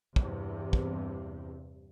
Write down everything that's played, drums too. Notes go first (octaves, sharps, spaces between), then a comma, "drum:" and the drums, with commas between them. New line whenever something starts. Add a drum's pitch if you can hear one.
E2 G2 C3, drum: kick
drum: kick